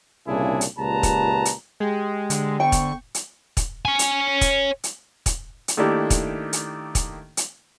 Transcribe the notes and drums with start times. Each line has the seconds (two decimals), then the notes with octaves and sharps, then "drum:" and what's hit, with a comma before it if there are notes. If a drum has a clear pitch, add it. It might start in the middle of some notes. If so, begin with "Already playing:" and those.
0.28 C2 A#2 C#3 D4 E4 G#4
0.61 drum: hi-hat
0.79 C#2 A#2 G4 B4 A5 A#5
1.03 drum: kick, hi-hat
1.45 drum: hi-hat
1.80 G#3 G4 G5
2.30 D3, drum: hi-hat
2.60 B3 C5 G5 C#6
2.72 drum: kick, hi-hat
3.14 drum: hi-hat
3.57 drum: kick, hi-hat
3.85 C#5 G#5
3.99 drum: hi-hat
4.41 drum: kick, hi-hat
4.84 drum: hi-hat
5.26 drum: kick, hi-hat
5.68 drum: hi-hat
5.77 D#3 A3 A#3 D4 E4 G4
6.10 drum: kick, hi-hat
6.53 drum: hi-hat
6.95 drum: kick, hi-hat
7.37 drum: hi-hat